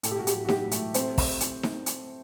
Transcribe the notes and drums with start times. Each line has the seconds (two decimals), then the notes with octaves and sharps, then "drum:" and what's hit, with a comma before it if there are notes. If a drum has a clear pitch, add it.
0.03 A2 A4, drum: hi-hat
0.11 G4
0.19 A2 F#4
0.27 G4, drum: hi-hat
0.34 F#3
0.45 F#4
0.49 F#3 G4, drum: snare D#4
0.64 A2
0.71 A3 A4, drum: hi-hat
0.79 A2
0.94 A3 C4 C5, drum: hi-hat
1.18 drum: kick, open hi-hat
1.40 drum: hi-hat
1.63 drum: snare D#4
1.86 drum: hi-hat